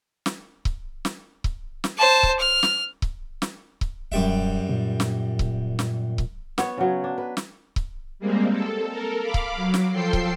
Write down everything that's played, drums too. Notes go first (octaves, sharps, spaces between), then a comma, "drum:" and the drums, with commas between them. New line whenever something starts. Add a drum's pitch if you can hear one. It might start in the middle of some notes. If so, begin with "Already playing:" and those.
drum: snare
drum: kick C#1
drum: snare
drum: kick C#1
drum: snare
C5 A5
drum: kick C#1
F6
drum: snare
drum: kick C#1
drum: snare
drum: kick C#1
D#1 F#2 G3 E5
A#2
drum: snare
drum: kick C#1
drum: snare
drum: kick C#1
B3 C#5, drum: snare
C#3 F#3
D4
B4
drum: snare
drum: kick C#1
G3 G#3 A#3 C4
A4
A4 A#4
F5 B5 D6
drum: kick C#1
F#3
drum: snare
F3 A4 G5 C6 C7
drum: kick C#1